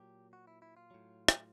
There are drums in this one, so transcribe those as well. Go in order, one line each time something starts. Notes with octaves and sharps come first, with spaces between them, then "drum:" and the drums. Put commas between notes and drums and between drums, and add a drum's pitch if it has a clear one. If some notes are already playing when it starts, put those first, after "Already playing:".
Already playing: A#2 F#3 G4
F#4
E4
E4
F4
A2 F#3
drum: rim click